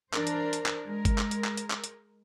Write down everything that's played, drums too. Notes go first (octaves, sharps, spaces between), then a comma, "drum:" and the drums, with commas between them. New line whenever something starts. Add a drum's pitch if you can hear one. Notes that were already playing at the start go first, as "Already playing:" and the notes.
E3 D4 A#4 C5, drum: clap
drum: hi-hat
drum: hi-hat
drum: clap
G#3 A#4
drum: kick G1, hi-hat
drum: clap
drum: hi-hat
drum: clap
drum: hi-hat
drum: clap
drum: hi-hat